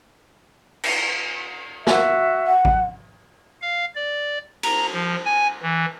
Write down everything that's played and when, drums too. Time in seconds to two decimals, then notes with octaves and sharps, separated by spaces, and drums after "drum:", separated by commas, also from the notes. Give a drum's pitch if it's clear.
0.84 drum: cymbal
1.87 F#4 E5, drum: snare
2.46 F#5
2.65 drum: kick
3.62 F5
3.95 D5
4.63 A#5, drum: cymbal
4.93 F3
5.25 G#5
5.62 E3